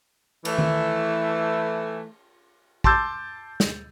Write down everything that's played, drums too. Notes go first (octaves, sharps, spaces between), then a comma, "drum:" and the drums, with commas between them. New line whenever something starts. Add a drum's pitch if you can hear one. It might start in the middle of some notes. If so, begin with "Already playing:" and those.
E3 A3, drum: cymbal
drum: tom D#3
A5 C6 D6 E6 G6 A6, drum: kick
drum: snare